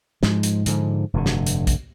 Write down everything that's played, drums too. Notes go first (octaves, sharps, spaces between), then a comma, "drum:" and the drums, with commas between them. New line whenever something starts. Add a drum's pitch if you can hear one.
G#2 F3 G#3, drum: snare
drum: hi-hat
G#2 D3 F3, drum: hi-hat
F1 G2 B2 D3
drum: snare
drum: hi-hat
drum: kick, hi-hat